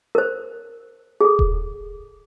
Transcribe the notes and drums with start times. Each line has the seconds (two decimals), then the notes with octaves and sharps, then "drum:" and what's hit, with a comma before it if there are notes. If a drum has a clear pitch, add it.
0.15 A#4 C5
1.21 G#4 A4
1.39 drum: kick D#1